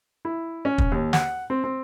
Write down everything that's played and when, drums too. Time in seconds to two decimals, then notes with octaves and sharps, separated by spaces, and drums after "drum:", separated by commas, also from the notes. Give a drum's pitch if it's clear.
0.25 E4
0.65 C#4
0.78 drum: kick
0.92 D#2
1.13 F#5, drum: snare
1.50 C4
1.64 C4